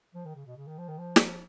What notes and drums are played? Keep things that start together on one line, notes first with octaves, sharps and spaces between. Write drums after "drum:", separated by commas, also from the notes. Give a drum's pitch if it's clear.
F3
D#3
C#3
B2
C#3
D#3
F3
D#3
F3
drum: snare